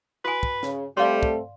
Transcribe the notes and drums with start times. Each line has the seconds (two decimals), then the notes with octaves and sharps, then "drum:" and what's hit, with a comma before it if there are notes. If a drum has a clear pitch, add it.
0.25 F#4 B4 G#5
0.43 drum: kick
0.63 C#3, drum: snare
0.97 G3 A3 C4 A4 D5 F5 C6
1.23 drum: kick